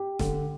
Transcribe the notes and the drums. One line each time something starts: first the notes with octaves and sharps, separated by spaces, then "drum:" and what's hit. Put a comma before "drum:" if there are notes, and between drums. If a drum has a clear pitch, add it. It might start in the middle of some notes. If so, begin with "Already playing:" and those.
Already playing: G4
D3, drum: snare